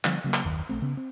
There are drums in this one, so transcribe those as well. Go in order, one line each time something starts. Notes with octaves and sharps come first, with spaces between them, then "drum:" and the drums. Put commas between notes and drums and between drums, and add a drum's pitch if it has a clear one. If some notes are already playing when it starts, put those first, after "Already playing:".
D3 F3 G3 B3, drum: clap
C#3 F#3 G3 A#3
drum: clap
F#1 D#2 D#3
A#1 A3 C4
C#3 B3
C4